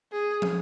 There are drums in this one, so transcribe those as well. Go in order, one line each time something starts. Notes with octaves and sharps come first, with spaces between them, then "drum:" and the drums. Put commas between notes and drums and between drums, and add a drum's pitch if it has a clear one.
G#4
drum: tom